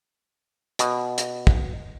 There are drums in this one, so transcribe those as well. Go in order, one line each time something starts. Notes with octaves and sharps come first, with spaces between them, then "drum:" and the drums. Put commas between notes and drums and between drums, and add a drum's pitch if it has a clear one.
B2, drum: hi-hat
drum: hi-hat
drum: kick